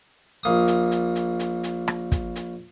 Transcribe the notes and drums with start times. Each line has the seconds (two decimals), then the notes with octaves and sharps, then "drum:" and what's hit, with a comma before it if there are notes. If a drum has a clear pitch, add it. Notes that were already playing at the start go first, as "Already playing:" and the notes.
0.43 A#1 A#3 D#6
0.67 drum: hi-hat
0.92 drum: hi-hat
1.16 drum: hi-hat
1.40 drum: hi-hat
1.64 drum: hi-hat
1.88 drum: rim click
2.12 drum: kick, hi-hat
2.36 drum: hi-hat